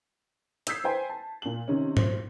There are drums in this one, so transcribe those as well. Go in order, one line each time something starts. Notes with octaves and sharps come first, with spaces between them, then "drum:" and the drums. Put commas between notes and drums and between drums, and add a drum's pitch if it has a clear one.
D#6 E6 G6 G#6 B6 C7, drum: hi-hat
B4 C5 G5 G#5
A5
A#2 F#7
C3 D#3 C#4
C5, drum: tom G#2